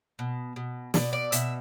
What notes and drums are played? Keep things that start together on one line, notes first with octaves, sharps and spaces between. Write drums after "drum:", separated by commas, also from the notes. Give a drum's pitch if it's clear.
B2
B2
B2 D5, drum: snare
D5
B2 E5, drum: hi-hat